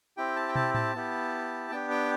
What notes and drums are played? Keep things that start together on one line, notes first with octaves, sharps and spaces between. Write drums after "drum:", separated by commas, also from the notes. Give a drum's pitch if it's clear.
C4 E4 G4 G5
A5
G5
A5, drum: tom
A5, drum: tom A2
B3 E4 G4
B3 D4 G4 G5
G5